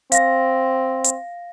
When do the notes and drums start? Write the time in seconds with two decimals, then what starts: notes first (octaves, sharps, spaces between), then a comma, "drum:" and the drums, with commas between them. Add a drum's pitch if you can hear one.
0.12 C4 F5 A#6, drum: hi-hat
1.04 drum: hi-hat